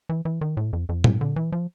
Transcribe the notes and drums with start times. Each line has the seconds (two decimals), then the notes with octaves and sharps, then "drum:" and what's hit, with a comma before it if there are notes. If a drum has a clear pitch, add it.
0.09 E3
0.25 E3
0.41 D#3
0.57 A2
0.73 F2
0.89 F2
1.04 G#2, drum: tom
1.21 D3
1.36 E3
1.52 F3